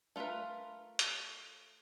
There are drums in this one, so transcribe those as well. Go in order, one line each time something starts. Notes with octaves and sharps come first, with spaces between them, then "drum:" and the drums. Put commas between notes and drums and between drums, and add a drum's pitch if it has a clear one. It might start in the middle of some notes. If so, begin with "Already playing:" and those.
A3 F4 F#4 A#4 B4
drum: hi-hat